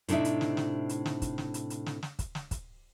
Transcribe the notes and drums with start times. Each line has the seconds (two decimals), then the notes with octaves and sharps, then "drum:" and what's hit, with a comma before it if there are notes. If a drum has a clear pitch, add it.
0.08 A2 C3 D4 D#4 E5, drum: hi-hat
0.25 drum: hi-hat
0.41 drum: snare
0.57 drum: snare
0.89 drum: hi-hat
1.06 drum: snare
1.22 drum: kick, hi-hat
1.38 drum: snare
1.54 drum: hi-hat
1.70 drum: hi-hat
1.86 drum: snare
2.03 drum: snare
2.19 drum: kick, hi-hat
2.35 drum: snare
2.51 drum: kick, hi-hat